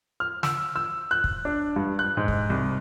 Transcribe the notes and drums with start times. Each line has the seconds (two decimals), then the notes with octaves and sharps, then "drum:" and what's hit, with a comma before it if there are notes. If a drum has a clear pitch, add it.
0.20 F6
0.43 E6, drum: snare
0.76 E6
1.11 F#6
1.24 drum: kick
1.45 D4
1.76 G2
1.99 F#6
2.17 G#2
2.28 drum: kick
2.50 C2